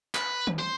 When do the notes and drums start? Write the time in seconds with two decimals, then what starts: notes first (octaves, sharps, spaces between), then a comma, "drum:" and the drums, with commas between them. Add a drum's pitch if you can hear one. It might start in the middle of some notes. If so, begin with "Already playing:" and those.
0.15 B4, drum: clap
0.47 drum: tom
0.59 C5